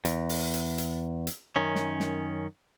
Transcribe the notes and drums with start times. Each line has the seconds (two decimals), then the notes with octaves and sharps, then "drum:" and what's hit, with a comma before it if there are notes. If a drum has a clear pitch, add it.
0.05 E2, drum: hi-hat
0.29 drum: open hi-hat
0.54 drum: hi-hat
0.78 drum: hi-hat
1.27 drum: hi-hat
1.56 F#2 D#3 C#4
1.75 drum: snare
2.00 drum: snare